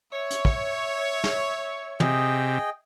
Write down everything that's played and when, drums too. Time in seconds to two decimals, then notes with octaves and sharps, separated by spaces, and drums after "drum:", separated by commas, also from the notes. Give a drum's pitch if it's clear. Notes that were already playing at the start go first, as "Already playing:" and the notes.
0.13 C#5 E5
0.31 drum: hi-hat
0.45 drum: kick
1.24 drum: snare
2.00 C3 G#4 D#5 G5, drum: tom